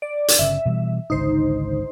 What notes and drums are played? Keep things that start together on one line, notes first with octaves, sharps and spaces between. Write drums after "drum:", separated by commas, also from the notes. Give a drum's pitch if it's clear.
D5
drum: hi-hat
G1 C#3 E5
B2 E3 G3
G#1 C#2 D3 D#4 C5